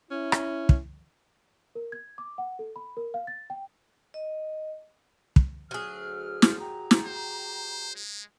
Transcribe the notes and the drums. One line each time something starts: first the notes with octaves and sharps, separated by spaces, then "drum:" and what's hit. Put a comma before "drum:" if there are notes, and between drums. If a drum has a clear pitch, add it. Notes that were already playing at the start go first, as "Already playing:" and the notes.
C#4 E4
drum: rim click
drum: kick
A#4
G#6
D6
F#5
A4
B5
A#4
F5
A6
G5
D#5
drum: kick
D2 F#3 G#4 F6
drum: snare
G4 G5 A#5
drum: snare
C5
G#3